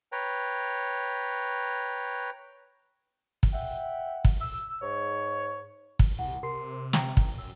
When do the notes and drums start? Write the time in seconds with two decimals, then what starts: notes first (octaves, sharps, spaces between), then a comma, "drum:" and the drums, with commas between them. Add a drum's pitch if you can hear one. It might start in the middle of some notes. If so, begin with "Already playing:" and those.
0.12 B4 C#5 G5 A#5
3.43 drum: kick
3.53 E5 F#5 G5
4.25 drum: kick
4.41 E6
4.82 G#2 C#5
5.99 drum: kick
6.19 C2 F#5
6.43 C3 A#4 C6 C7
6.93 G5 A#5, drum: snare
7.17 A1, drum: kick
7.38 F#2 E6